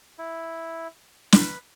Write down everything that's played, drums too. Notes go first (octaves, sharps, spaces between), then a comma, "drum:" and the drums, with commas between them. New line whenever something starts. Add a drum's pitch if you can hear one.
E4
B4, drum: snare